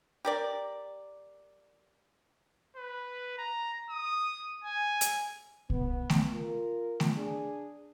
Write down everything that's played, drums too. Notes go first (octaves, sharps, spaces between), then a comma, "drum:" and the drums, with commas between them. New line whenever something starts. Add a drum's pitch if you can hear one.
G4 A#4 D5
B4
A#5
D#6
G#5
drum: hi-hat
B3, drum: kick
drum: snare A3
F4 A#4
drum: snare A3
D4 G#4